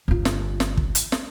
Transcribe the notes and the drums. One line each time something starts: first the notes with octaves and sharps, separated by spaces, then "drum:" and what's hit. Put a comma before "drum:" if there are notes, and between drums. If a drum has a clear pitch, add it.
G1 F4
drum: snare
drum: snare
drum: kick
drum: hi-hat
drum: snare